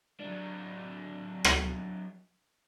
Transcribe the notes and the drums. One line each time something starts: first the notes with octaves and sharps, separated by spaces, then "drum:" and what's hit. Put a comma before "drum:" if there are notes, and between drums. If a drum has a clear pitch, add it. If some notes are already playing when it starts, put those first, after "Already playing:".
F#3 D4
drum: rim click